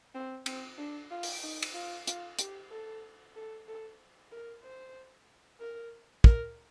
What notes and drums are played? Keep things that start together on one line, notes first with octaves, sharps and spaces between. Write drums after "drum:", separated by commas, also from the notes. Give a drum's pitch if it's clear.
C4
C4, drum: cymbal
D4
F4
drum: open hi-hat
D#4
drum: cymbal
F4
F4, drum: hi-hat
G4, drum: hi-hat
A4
A4
A4
A#4
C5
A#4
A#4, drum: kick